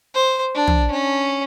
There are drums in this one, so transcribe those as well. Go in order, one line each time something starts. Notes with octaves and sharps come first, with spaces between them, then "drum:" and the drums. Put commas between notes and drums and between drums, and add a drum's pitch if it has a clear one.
C5
D4
drum: tom
C#4